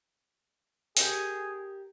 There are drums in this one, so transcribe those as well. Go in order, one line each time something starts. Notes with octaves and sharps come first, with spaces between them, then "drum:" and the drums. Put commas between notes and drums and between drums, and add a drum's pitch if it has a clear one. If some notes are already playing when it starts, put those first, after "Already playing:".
G4 G#4 A#4, drum: open hi-hat